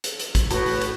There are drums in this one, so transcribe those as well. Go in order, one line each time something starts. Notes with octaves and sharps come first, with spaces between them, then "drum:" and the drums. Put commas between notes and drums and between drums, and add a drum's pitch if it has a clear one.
drum: hi-hat
drum: hi-hat
drum: kick, hi-hat
A2 F#4 B4, drum: hi-hat
drum: open hi-hat
drum: hi-hat